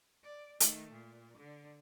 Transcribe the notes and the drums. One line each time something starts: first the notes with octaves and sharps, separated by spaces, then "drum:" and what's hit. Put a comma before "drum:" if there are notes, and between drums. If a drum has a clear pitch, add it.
D5
D#3 A3, drum: hi-hat
A#2
D3